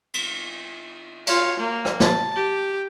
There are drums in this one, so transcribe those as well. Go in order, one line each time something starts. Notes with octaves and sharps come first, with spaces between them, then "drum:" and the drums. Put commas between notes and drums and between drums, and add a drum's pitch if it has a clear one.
drum: cymbal
F4 C#5, drum: cymbal
A#3
drum: rim click
A5, drum: snare
G4